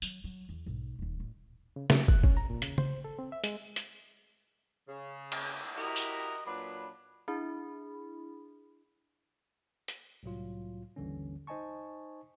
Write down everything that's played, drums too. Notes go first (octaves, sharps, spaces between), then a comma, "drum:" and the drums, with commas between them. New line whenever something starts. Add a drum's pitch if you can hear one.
F#3, drum: tambourine
F#3
E2
B1 G#2
D#1 D#2
A1
C#3
F#3, drum: snare
F#6, drum: kick
C#4, drum: kick
A#5
A#2
C#3, drum: hi-hat
C5, drum: tom C#3
A4
C4
E5
G#3, drum: hi-hat
drum: hi-hat
C#3
drum: cymbal
E4 F#4 G4 A#4 D#5
drum: tambourine
A#2 F#3 D4 B4
D4 E4 G#4 B5
drum: hi-hat
C2 A2 F#3 F4
G#1 D#2 D3 E3 G3 C#4
D#4 C5 D#5 G#5 A5 C#6